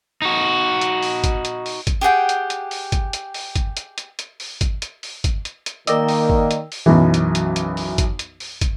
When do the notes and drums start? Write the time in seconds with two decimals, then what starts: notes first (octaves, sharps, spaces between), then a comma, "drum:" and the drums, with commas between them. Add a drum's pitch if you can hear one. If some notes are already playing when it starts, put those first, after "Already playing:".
0.22 D#4 F#4
0.81 drum: hi-hat
1.03 drum: open hi-hat
1.24 drum: kick, hi-hat
1.45 drum: hi-hat
1.66 drum: open hi-hat
1.87 drum: kick, hi-hat
2.01 G4 G#4 F#5 G5
2.29 drum: hi-hat
2.50 drum: hi-hat
2.71 drum: open hi-hat
2.92 drum: kick, hi-hat
3.13 drum: hi-hat
3.34 drum: open hi-hat
3.56 drum: kick, hi-hat
3.77 drum: hi-hat
3.98 drum: hi-hat
4.19 drum: hi-hat
4.40 drum: open hi-hat
4.61 drum: kick, hi-hat
4.82 drum: hi-hat
5.03 drum: open hi-hat
5.24 drum: kick, hi-hat
5.45 drum: hi-hat
5.66 drum: hi-hat
5.87 D#3 A#3 A#4 D5 D#5 G5 E6, drum: hi-hat
6.08 drum: open hi-hat
6.30 drum: kick
6.51 drum: hi-hat
6.72 drum: open hi-hat
6.86 B1 F#2 E3
7.14 drum: hi-hat
7.35 drum: hi-hat
7.56 drum: hi-hat
7.77 drum: open hi-hat
7.98 drum: kick, hi-hat
8.19 drum: hi-hat
8.40 drum: open hi-hat
8.61 drum: kick, hi-hat